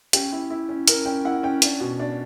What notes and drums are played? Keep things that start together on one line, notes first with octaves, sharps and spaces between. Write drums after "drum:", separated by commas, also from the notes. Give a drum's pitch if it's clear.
C#4 G4, drum: hi-hat
E4
E4
C#4
C#4 A#4, drum: hi-hat
C#4 G5
E4 F#5
C#4 G5
D4, drum: hi-hat
B2
D4